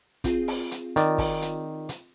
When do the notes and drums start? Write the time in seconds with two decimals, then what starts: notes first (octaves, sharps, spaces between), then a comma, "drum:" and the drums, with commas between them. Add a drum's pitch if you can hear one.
0.24 C4 F4 G#4, drum: kick, hi-hat
0.48 drum: open hi-hat
0.71 drum: hi-hat
0.96 D#3 D5, drum: hi-hat
1.18 drum: kick, open hi-hat
1.42 drum: hi-hat
1.89 drum: hi-hat